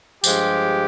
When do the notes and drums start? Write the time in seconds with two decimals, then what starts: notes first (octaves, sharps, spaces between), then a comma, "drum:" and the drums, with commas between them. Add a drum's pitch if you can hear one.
0.24 G2 F3 G#3 G4, drum: tambourine